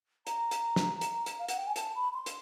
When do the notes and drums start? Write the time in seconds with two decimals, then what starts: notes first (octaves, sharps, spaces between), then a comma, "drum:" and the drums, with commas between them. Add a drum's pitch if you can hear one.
0.27 A#5, drum: hi-hat
0.51 drum: hi-hat
0.76 drum: snare
1.01 drum: hi-hat
1.26 drum: hi-hat
1.39 F5
1.48 F#5, drum: hi-hat
1.57 G5
1.67 G#5
1.76 A5, drum: hi-hat
1.95 B5
2.14 C6
2.26 drum: hi-hat